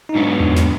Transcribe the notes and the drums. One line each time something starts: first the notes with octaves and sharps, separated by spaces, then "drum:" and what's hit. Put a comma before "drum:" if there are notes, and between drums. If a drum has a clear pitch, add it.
D#4
G#2 F#3 B3 D4
drum: tom E2
drum: snare